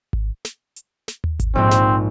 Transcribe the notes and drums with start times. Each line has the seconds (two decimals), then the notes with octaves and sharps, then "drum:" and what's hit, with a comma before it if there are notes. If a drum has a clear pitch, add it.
0.13 drum: kick G#1
0.45 drum: snare
0.76 drum: hi-hat
1.08 drum: snare
1.24 drum: tom D#2
1.40 drum: kick G#1, hi-hat
1.55 A#1 G#2 C4
1.71 drum: snare